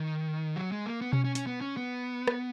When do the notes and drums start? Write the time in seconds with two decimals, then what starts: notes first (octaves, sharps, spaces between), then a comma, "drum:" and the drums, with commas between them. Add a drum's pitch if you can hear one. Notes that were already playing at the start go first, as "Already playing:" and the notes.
Already playing: D#3
0.56 F#3
0.72 G#3
0.86 A#3
1.01 B3
1.13 C#4, drum: tom B2
1.24 C#4
1.35 C#4, drum: hi-hat
1.47 B3
1.61 C#4
1.77 B3
2.27 drum: rim click